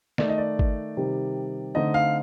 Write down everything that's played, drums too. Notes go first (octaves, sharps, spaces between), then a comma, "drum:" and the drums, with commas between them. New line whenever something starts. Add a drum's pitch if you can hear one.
D#3 A3 D#4 D5, drum: snare
D#5
D5
drum: kick G#1
C3 D#3 G3
D3 A3 C4 D#4 D#5
F5